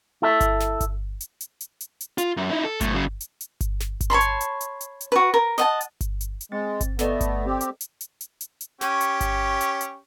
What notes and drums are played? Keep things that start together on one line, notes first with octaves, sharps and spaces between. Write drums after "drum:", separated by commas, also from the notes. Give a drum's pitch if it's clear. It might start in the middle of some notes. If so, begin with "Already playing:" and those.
E4 A4 E5
drum: kick G1, hi-hat
drum: snare
drum: kick G1, hi-hat
drum: hi-hat
drum: hi-hat
drum: hi-hat
drum: hi-hat
drum: hi-hat
F4, drum: hi-hat
F#2
D#4 E4
A4
B1 A3, drum: kick G1, hi-hat
C#3 F#3
drum: hi-hat
drum: hi-hat
drum: kick G1, hi-hat
drum: snare
drum: kick G1, hi-hat
C#5 A5 B5 C6
drum: hi-hat
drum: hi-hat
drum: hi-hat
drum: hi-hat
drum: hi-hat
F#4 B4
A#4
D#5 F#5 A5, drum: snare
drum: hi-hat
drum: kick G1, hi-hat
drum: hi-hat
drum: hi-hat
G#3 C4 A6
drum: kick G1, hi-hat
A3 B3 A4 D5 D#5, drum: snare
drum: kick G1, hi-hat
C4 G4
drum: hi-hat
drum: hi-hat
drum: hi-hat
drum: hi-hat
drum: hi-hat
drum: hi-hat
C#4 G4 C#6, drum: snare
drum: hi-hat
drum: kick G1, hi-hat
drum: hi-hat
drum: hi-hat